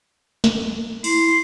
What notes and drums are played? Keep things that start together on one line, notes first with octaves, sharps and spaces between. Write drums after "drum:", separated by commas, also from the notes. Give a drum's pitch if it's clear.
drum: snare
E4 C6, drum: open hi-hat